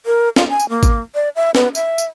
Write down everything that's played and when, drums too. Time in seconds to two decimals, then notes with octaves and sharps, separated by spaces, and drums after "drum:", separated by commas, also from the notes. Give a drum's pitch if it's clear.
0.06 A#4
0.36 F4, drum: snare
0.49 G#5
0.60 drum: tambourine
0.69 A#3
0.83 drum: kick G#1, tambourine
1.15 D5
1.36 E5
1.55 B3, drum: snare
1.75 E5, drum: tambourine
1.98 drum: tambourine